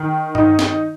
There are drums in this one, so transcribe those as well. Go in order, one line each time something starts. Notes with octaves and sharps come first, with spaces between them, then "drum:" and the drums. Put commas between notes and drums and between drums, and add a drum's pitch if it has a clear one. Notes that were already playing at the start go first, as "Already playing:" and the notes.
Already playing: D#3
D#4, drum: tom G2
drum: snare